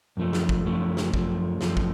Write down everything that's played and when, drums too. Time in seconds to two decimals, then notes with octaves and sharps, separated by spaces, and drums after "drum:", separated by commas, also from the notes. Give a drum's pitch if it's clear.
0.17 F#2 F3 A3
0.33 drum: snare
0.49 drum: kick
0.65 F#2 F3 A3
0.97 drum: snare
1.14 F#2 F3 A3, drum: kick
1.61 F#2 F3 A3, drum: snare
1.77 drum: kick